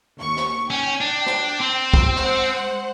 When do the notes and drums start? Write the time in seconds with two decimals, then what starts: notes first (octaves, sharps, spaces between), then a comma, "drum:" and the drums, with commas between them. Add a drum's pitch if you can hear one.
0.19 D#2 C#6
0.37 drum: rim click
0.70 C#4 G5
1.01 D4
1.26 drum: rim click
1.60 C4
1.94 drum: kick
2.16 G#3 C5 F#5, drum: rim click